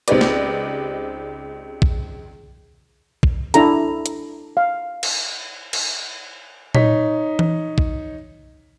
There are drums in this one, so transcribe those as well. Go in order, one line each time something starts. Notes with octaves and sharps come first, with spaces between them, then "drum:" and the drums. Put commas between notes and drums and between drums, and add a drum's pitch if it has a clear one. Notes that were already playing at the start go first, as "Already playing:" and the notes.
C#2 C4 D#4 G4 B4 D5, drum: hi-hat
drum: snare
drum: kick
drum: kick
D4 E4 A4 A#5, drum: hi-hat
drum: hi-hat
F5
drum: cymbal
drum: cymbal
D#4 C#5 B6, drum: tom A#2
drum: tom E3
drum: kick